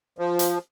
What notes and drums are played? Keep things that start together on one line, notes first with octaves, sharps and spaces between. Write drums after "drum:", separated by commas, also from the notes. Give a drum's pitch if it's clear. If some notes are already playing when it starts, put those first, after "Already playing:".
F3
drum: hi-hat